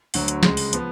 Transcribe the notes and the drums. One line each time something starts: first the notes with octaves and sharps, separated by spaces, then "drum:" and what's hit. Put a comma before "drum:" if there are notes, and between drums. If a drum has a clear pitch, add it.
D2 D3 F#3, drum: open hi-hat
drum: hi-hat
C#2 C#3 G#3, drum: snare
drum: open hi-hat
F3 B3, drum: hi-hat